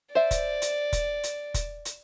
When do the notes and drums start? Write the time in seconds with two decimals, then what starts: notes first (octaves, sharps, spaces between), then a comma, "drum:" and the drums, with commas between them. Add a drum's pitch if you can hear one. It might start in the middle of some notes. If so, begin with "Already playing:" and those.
0.15 C5 D5 E5
0.31 drum: kick, hi-hat
0.62 drum: hi-hat
0.93 drum: kick, hi-hat
1.23 drum: hi-hat
1.54 drum: kick, hi-hat
1.85 drum: hi-hat